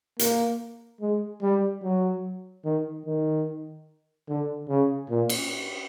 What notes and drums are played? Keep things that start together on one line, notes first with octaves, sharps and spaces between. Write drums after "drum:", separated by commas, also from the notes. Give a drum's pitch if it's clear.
A#3, drum: hi-hat
G#3
G3
F#3
D#3
D#3
D3
C#3
A#2
drum: cymbal